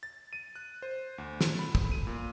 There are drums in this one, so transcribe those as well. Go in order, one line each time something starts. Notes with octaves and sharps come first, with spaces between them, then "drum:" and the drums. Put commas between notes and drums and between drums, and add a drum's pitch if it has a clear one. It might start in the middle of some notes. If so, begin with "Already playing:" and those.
A6
D#7
F#6
C5
D2
A4, drum: snare
B5
drum: kick
D#7
A#2